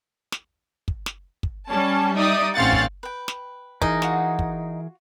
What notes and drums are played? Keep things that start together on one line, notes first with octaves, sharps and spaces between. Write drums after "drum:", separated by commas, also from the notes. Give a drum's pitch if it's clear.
drum: snare
drum: kick
drum: snare
drum: kick
G3 C#4 A5
G3 D#4 D5 E5 D#6
A1 C4 C#4 F5 F#5 A6
drum: kick
B4 G5
drum: snare
E3 D#4 G#4 A#4, drum: kick
F4 F#4 F#5, drum: snare
drum: kick